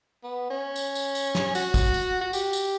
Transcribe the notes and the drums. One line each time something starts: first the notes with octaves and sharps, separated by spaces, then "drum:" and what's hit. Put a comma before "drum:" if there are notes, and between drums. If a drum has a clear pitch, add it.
B3
C#4
drum: tambourine
drum: tambourine
drum: tambourine
drum: snare
F#4, drum: tambourine
drum: kick, tambourine
drum: tambourine
F#4
G4, drum: tambourine
drum: tambourine